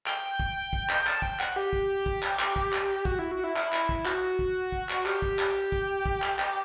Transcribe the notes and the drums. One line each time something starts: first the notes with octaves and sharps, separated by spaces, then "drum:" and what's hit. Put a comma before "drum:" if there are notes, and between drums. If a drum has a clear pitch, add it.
G5, drum: clap
drum: kick
drum: kick
drum: clap
A5, drum: clap
G5, drum: kick
F#5, drum: clap
G4
drum: kick
drum: kick
drum: clap
drum: clap
drum: kick
drum: clap
F#4, drum: kick
E4
F#4
E4
E4, drum: clap
drum: clap
drum: kick
F#4, drum: clap
drum: kick
drum: kick
drum: clap
G4, drum: clap
drum: kick
drum: clap
drum: kick
drum: kick
drum: clap
drum: clap